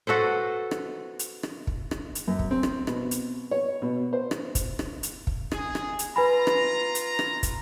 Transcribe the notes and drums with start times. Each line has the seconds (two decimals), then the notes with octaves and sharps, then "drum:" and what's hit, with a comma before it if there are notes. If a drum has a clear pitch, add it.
0.07 F#4 A4 B4 C5
0.71 drum: rim click
1.19 drum: hi-hat
1.43 drum: rim click
1.67 drum: kick
1.91 drum: rim click
2.15 drum: hi-hat
2.27 F#2
2.39 drum: kick
2.51 C4
2.63 drum: rim click
2.87 B2, drum: rim click
3.11 drum: hi-hat
3.51 C#5
3.82 B2
4.13 C5
4.31 drum: rim click
4.55 drum: kick, hi-hat
4.79 drum: rim click
5.03 drum: hi-hat
5.27 drum: kick
5.52 G#4, drum: rim click
5.75 drum: rim click
5.99 drum: hi-hat
6.16 F4 B4 G#5 A#5 B5
6.47 drum: rim click
6.95 drum: hi-hat
7.19 drum: rim click
7.43 drum: kick, hi-hat